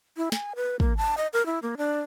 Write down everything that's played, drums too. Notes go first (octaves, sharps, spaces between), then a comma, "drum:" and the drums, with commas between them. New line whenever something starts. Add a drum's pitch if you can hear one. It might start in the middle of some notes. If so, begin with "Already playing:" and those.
E4
G#5, drum: snare
B4
A#3, drum: kick
A5
D#5
A#4
E4
A#3
D4